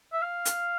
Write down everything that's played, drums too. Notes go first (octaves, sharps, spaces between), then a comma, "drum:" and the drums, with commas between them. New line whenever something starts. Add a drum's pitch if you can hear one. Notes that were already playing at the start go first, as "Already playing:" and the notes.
E5
F5
drum: hi-hat